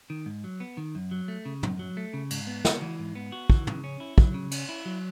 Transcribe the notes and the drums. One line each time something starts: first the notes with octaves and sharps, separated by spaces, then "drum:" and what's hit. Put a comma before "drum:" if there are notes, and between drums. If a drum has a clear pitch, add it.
D#3
G#2
F#3
B3
D#3
F#2
F#3
A3
C#3
F#2, drum: tom
F#3
A3
C#3
G#2, drum: cymbal
B3
F#4, drum: snare
E3
G#2
B3
F#4
E3, drum: kick
C#3, drum: tom
C#4
E4
F#3, drum: kick
C#3
C#4, drum: cymbal
E4
F#3